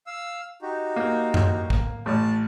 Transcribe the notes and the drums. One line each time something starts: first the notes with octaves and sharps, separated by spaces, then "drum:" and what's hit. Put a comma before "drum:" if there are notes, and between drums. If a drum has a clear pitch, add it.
F5 E6
D#4 F#4 G4
A#3
drum: tom F#2
drum: kick
A1 A2 A5